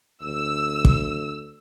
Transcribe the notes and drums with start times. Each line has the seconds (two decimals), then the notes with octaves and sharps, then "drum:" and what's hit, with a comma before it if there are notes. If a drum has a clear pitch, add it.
0.23 D2 E6
0.85 drum: kick